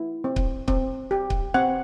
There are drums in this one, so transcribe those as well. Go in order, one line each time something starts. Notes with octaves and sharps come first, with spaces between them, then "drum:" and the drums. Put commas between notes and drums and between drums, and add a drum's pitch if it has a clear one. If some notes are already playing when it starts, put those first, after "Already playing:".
Already playing: E4
C4
drum: kick C#1
C4, drum: kick C#1
G4
drum: kick C#1
C4 F#5